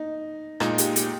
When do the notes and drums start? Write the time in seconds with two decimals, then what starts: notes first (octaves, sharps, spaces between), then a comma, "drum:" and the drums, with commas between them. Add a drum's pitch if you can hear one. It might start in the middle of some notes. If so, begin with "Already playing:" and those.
Already playing: D#4
0.60 A#2 G#3 D#4 F4, drum: rim click
0.78 G4, drum: hi-hat
0.96 G4, drum: hi-hat